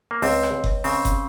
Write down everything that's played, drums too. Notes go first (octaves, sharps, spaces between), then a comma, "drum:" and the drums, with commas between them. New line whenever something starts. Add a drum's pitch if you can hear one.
A#3
C#2 C4, drum: open hi-hat
drum: rim click
C#2
drum: kick F#1
C#3 C4, drum: open hi-hat
drum: kick F#1, hi-hat